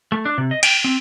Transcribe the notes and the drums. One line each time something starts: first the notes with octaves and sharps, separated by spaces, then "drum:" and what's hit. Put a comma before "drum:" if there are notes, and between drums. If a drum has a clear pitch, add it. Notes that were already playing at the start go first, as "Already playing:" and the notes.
A3
D4
C3
D#5
G5, drum: cymbal
C4